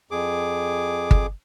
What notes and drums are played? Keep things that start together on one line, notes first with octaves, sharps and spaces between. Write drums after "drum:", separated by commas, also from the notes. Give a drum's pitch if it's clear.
F2 G#4 D6
drum: kick G1